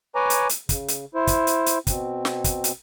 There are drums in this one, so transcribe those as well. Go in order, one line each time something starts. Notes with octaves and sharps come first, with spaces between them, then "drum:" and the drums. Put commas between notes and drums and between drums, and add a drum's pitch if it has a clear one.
B4 C#5 G#5 A#5 D6
drum: hi-hat
drum: hi-hat
C#3, drum: kick, hi-hat
drum: hi-hat
E4 C5
drum: kick, hi-hat
drum: hi-hat
drum: hi-hat
B2 C4, drum: kick, hi-hat
drum: snare
drum: kick, hi-hat
drum: hi-hat